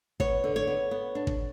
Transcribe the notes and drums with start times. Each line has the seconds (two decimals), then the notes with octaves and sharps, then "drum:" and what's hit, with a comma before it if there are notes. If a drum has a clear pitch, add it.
0.20 B3 C#5, drum: kick
0.44 D3
0.56 C#5
0.67 B3
0.91 B3
1.15 D4
1.27 drum: kick